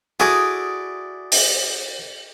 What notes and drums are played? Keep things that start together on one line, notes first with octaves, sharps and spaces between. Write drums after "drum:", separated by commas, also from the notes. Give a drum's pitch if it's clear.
E4 F#4 G#4 A4 D5 D#6
drum: open hi-hat